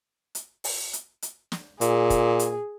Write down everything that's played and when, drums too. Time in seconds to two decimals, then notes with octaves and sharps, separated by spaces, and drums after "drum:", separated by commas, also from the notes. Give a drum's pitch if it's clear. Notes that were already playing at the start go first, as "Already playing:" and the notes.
0.35 drum: hi-hat
0.64 drum: open hi-hat
0.93 drum: hi-hat
1.22 drum: hi-hat
1.52 drum: snare
1.81 A#2 G#4, drum: hi-hat
2.10 drum: kick, hi-hat
2.39 drum: hi-hat